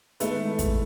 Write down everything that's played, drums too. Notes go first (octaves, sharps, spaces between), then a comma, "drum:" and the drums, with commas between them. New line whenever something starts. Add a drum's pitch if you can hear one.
D#3 G#3 A3 B3 E4 B4, drum: hi-hat
drum: kick, hi-hat